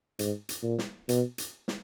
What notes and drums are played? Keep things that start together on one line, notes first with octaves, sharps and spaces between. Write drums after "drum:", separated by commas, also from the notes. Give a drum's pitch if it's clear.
G#2, drum: hi-hat
drum: hi-hat
A#2
drum: snare
B2, drum: hi-hat
drum: hi-hat
drum: snare